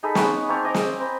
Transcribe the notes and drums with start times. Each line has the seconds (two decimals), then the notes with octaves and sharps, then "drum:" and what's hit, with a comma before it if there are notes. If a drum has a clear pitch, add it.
0.03 D#4 G#4 A4 B5
0.15 G#3 B3 D#4 C#5, drum: snare
0.48 A#3 C4 C#5 A5
0.64 D#5 G#5 A#5 D6
0.74 drum: snare
1.00 C5 B5